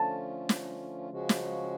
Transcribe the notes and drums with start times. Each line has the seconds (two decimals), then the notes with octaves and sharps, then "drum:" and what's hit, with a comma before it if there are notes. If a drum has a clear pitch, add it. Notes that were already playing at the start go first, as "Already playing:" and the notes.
Already playing: D3 F3 A3 C#4 F4 A5
0.49 drum: snare
1.10 C#3 F3 G#3 C#4 F#4
1.29 drum: snare